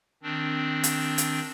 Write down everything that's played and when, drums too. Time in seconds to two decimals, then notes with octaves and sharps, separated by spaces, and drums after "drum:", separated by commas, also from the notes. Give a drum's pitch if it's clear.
0.23 D#3 C4 D4
0.84 drum: hi-hat
1.18 drum: hi-hat